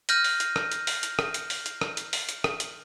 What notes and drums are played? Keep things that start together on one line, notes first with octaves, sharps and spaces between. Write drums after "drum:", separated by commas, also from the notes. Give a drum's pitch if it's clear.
F6 G6 A#6 D#7, drum: hi-hat
drum: open hi-hat
drum: hi-hat
drum: rim click
drum: hi-hat
drum: open hi-hat
drum: hi-hat
drum: rim click
drum: hi-hat
drum: open hi-hat
drum: hi-hat
drum: rim click
drum: hi-hat
drum: open hi-hat
drum: hi-hat
drum: rim click
drum: hi-hat